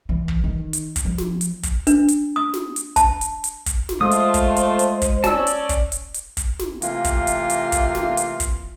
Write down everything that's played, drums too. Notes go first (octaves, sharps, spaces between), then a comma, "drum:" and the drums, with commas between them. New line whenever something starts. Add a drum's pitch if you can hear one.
E3
drum: kick
D#3
drum: hi-hat
drum: kick, hi-hat
F3
drum: snare
drum: hi-hat
drum: kick, hi-hat
D4, drum: hi-hat
drum: hi-hat
D#6
drum: snare
drum: hi-hat
A5, drum: kick, hi-hat
drum: hi-hat
drum: hi-hat
drum: kick, hi-hat
drum: snare
G#3 A3 F4 C5 D#6
drum: hi-hat
drum: kick, hi-hat
drum: hi-hat
drum: hi-hat
drum: kick, hi-hat
C#4 D5 A5 E6, drum: snare
drum: hi-hat
drum: kick, hi-hat
drum: hi-hat
drum: hi-hat
drum: kick, hi-hat
drum: snare
C3 E3 A3 A#3 F4, drum: hi-hat
drum: kick, hi-hat
drum: hi-hat
drum: hi-hat
drum: kick, hi-hat
drum: snare
drum: hi-hat
drum: kick, hi-hat